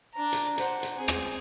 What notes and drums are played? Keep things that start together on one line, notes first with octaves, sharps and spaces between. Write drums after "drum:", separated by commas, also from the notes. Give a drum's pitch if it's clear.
D4 A#5
drum: hi-hat
C5 F#5, drum: hi-hat
drum: hi-hat
C4 G#4
drum: rim click